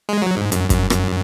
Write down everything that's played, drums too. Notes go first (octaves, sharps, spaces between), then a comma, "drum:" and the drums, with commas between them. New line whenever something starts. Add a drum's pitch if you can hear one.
G#3
F#3
G#2
F#2, drum: hi-hat
F#2, drum: kick, hi-hat
F#2, drum: rim click